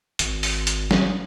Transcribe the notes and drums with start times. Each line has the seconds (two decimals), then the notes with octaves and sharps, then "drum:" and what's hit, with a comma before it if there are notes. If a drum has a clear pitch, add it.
0.19 G#1, drum: hi-hat
0.43 drum: open hi-hat
0.67 drum: hi-hat
0.91 drum: snare